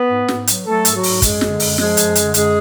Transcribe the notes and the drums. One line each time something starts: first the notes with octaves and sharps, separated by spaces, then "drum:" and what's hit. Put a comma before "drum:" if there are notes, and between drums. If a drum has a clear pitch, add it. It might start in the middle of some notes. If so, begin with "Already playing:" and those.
Already playing: B3 B4
G#2
G#2, drum: snare
F#3, drum: hi-hat
F#3 A3 A4
G#2, drum: hi-hat
F#3 F#4
G#2, drum: open hi-hat
F#2 G#3 G#4, drum: kick, hi-hat
D3, drum: snare
F#2, drum: open hi-hat
F3 G#3 G#4, drum: snare
F#2, drum: hi-hat
D3, drum: hi-hat
F#2 G#3 G#4, drum: hi-hat